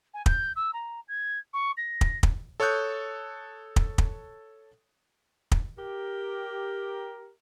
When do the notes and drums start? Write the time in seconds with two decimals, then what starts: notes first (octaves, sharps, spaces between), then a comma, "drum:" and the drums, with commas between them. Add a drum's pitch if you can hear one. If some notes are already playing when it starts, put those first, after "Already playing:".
0.14 G#5
0.26 G6, drum: kick
0.56 E6
0.73 A#5
1.08 G#6
1.54 C#6
1.77 A#6
2.01 drum: kick
2.23 drum: kick
2.60 A4 C#5 C#6 D#6 F#6 G6
3.76 drum: kick
3.98 drum: kick
5.52 drum: kick
5.78 G4 A#4